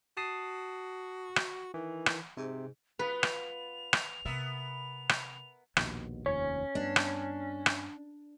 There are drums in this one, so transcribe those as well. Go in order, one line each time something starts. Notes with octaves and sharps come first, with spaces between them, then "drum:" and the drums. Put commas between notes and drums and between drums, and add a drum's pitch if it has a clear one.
F#4 A5 D#6 C7
drum: rim click
D#3 E3
drum: rim click
G#2 C3
B3 F4 B4 F7
drum: rim click
drum: rim click
C3 B3 A#4 E5
drum: rim click
A#1 D#2 B2, drum: rim click
F1 D#2 F3 C#4 C#5
G2 B3 D4
drum: rim click
drum: rim click